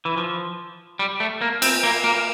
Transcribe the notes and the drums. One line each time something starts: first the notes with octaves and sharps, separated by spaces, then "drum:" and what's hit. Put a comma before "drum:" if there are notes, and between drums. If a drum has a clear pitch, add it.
E3
F3
G3
A3
A#3
C4, drum: cymbal
A#3
A#3